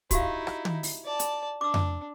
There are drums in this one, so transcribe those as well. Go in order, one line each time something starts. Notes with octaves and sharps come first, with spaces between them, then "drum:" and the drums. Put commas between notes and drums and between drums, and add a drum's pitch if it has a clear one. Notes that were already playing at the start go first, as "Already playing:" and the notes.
D#4 E4 F#4 G4 F5, drum: kick, hi-hat
drum: rim click
drum: tom
drum: open hi-hat
D5 A5
drum: hi-hat
D4 D6 E6
drum: tom F2